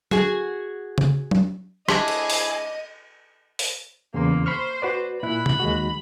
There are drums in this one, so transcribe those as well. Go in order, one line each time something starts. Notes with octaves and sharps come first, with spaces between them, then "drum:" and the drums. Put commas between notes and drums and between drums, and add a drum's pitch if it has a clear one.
F#4 G#4, drum: tom F#3
drum: tom C#3
drum: tom F#3
A3 D4 E4 G#4 D#5, drum: rim click
drum: cymbal
drum: open hi-hat
drum: open hi-hat
E2 C#3 A#3 C6
C5 B5 C#6 F6
F#4 B4 D5
A#2 E4 B5 F#6
drum: tom C3
D#2 G#3 F#4